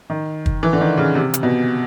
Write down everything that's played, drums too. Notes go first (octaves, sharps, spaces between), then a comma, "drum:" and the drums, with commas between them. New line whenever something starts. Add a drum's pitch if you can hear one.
D#3
drum: kick
E3
D3
D#3
C#3
C3
drum: hi-hat
B2